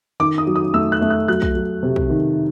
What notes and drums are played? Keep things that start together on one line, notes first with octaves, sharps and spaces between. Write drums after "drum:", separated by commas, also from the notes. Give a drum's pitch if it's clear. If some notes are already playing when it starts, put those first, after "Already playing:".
D#3 D6
D#6
F#3
D#6
A3 E6
F#6
A3
F#6
F#3 F#6
drum: kick
F#3
C3
drum: kick
D#3